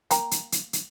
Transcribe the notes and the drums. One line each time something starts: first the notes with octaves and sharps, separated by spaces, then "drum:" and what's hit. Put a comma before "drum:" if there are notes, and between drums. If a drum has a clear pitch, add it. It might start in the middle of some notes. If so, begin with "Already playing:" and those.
A#3 G5 A#5, drum: hi-hat
drum: hi-hat
drum: hi-hat
drum: hi-hat